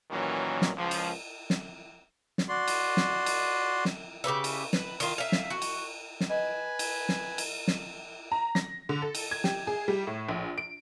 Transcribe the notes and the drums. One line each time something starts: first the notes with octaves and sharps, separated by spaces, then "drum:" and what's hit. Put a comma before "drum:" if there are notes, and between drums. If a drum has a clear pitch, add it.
A#2 D#3 E3 F#3 C#4
drum: snare
C#2 F3
drum: cymbal
drum: snare
drum: snare
F#4 D5 C6
drum: cymbal
drum: snare
drum: cymbal
drum: snare
C#3 G4 B4 E5
drum: cymbal
B4, drum: snare
D#3 F4, drum: cymbal
E5 F5
drum: snare
F#4
drum: cymbal
drum: snare
B4 D#5 G#5
drum: cymbal
drum: snare
drum: cymbal
drum: snare
A#5
A#6, drum: snare
D3
A4
drum: cymbal
G#6
G4, drum: snare
G#4
G3
A2
A#1
D7